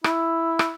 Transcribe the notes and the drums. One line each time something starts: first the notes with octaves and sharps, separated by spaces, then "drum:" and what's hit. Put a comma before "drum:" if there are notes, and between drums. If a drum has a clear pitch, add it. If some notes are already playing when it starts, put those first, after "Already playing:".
E4, drum: rim click
drum: rim click